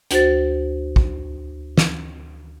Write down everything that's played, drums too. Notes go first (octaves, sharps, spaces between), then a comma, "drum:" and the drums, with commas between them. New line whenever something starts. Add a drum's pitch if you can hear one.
D2 F#4 C5 A6, drum: hi-hat
drum: kick
drum: snare